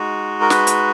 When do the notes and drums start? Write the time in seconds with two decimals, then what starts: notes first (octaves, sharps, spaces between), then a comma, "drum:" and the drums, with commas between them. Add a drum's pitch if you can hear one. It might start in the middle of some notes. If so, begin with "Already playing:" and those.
Already playing: G#3 D#4 F#4
0.41 A#4
0.50 B4, drum: snare
0.67 drum: hi-hat